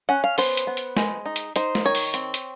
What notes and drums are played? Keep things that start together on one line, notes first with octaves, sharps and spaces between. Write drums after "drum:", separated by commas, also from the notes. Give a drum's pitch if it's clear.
C#4 F#5
F5
B3 C5, drum: open hi-hat
drum: hi-hat
B3
drum: hi-hat
G#3, drum: snare
D#4
drum: hi-hat
D#4 C5, drum: hi-hat
drum: snare
D#3 C#5
drum: open hi-hat
C4, drum: hi-hat
drum: hi-hat